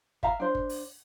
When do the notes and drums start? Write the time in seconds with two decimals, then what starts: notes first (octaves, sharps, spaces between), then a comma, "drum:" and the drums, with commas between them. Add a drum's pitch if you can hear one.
0.23 E5 F5 A#5, drum: kick G1
0.40 D4 C5
0.55 drum: kick G1
0.69 drum: open hi-hat